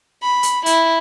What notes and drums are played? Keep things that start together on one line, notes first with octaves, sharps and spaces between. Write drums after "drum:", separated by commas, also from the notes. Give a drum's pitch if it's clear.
B5
drum: hi-hat
E4, drum: hi-hat